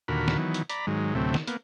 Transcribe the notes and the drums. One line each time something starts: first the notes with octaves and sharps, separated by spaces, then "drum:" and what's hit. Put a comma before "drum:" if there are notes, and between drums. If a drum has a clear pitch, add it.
D#2 A#2 D3 F#4 A#4 B5
drum: snare
D#3 E3 F#3 B3
drum: hi-hat
D5 A#5 B5, drum: hi-hat
G#2 D#3 F#3 G#3
D2 A2 C3 F#3 A3 C4
drum: snare
A#3 B3, drum: hi-hat